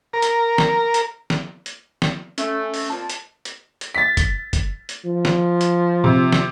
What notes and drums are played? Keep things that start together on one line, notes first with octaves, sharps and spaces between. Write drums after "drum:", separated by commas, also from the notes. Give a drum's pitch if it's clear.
A#4
drum: hi-hat
drum: snare
drum: hi-hat
drum: snare
drum: hi-hat
drum: snare
A3 C#4, drum: hi-hat
drum: open hi-hat
F2 A#2 F3 A5
drum: hi-hat
drum: hi-hat
drum: hi-hat
A6 B6
drum: kick, hi-hat
drum: kick, hi-hat
drum: hi-hat
F3
drum: snare
drum: hi-hat
C3
drum: snare